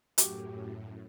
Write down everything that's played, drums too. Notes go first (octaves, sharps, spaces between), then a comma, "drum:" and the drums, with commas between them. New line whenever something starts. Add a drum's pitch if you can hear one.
F#2 A2 F#4 G4, drum: hi-hat